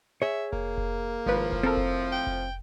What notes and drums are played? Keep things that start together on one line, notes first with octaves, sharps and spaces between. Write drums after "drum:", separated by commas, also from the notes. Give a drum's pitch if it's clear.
G#4 C#5 E5
A#3, drum: kick F1
drum: kick F1
G#1 A2 F3 B4
drum: kick F1
C4 A4 A#4
drum: kick F1
G5
drum: kick F1